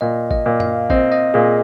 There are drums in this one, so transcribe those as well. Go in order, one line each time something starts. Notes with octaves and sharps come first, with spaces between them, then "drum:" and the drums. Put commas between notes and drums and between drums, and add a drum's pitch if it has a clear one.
A#2 D#5
D#5, drum: kick G#1
A#2
F5, drum: tom F#2
C4 D#5, drum: kick G#1
D#5
A#2 G#4